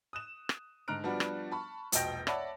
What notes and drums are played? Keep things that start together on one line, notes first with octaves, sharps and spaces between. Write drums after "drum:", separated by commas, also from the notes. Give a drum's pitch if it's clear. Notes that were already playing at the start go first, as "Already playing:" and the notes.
D#6 F#6 E7
drum: rim click
G#2 D3 A#5 F6 F#6 D7
F3 G3 B3 D4 F#4
drum: rim click
A5 B5 C#6
E1 A#1 B2 D#5 G5 A#6, drum: hi-hat
C#5 D5 E5 F#5 A5 B5, drum: rim click